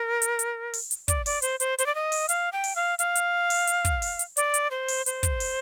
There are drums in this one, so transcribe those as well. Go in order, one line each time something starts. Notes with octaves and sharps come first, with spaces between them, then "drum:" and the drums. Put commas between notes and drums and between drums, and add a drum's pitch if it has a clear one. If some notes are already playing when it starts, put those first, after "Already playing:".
Already playing: A#4
drum: hi-hat
drum: hi-hat
drum: open hi-hat
drum: hi-hat
D5, drum: kick, hi-hat
D5, drum: open hi-hat
C5, drum: hi-hat
C5, drum: hi-hat
C5, drum: hi-hat
D5
D#5
drum: open hi-hat
F5, drum: hi-hat
G5
drum: open hi-hat
F5
F5, drum: hi-hat
drum: hi-hat
drum: open hi-hat
drum: hi-hat
drum: kick, hi-hat
drum: open hi-hat
drum: hi-hat
D5, drum: hi-hat
drum: hi-hat
C5
drum: open hi-hat
C5, drum: hi-hat
drum: kick, hi-hat
drum: open hi-hat